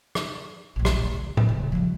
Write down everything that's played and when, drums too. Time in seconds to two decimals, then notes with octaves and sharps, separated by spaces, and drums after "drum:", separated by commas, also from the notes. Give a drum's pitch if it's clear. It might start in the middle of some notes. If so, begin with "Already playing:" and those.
0.15 drum: rim click
0.76 D1 A#1
0.85 drum: rim click
1.13 D3
1.37 drum: tom A2
1.49 D#1 C#3
1.72 F3 G3